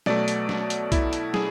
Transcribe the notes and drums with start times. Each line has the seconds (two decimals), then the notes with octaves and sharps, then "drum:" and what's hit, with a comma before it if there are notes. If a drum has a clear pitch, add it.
0.06 B2 F#3 A3 D5, drum: snare
0.28 drum: hi-hat
0.49 drum: snare
0.70 drum: hi-hat
0.92 E4, drum: kick B1, hi-hat
1.13 drum: hi-hat
1.34 G#4, drum: snare